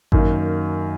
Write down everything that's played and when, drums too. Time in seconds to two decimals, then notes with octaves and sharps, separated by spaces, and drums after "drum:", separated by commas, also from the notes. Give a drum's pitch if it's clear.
0.12 F#2 D#3 A#3, drum: kick G#1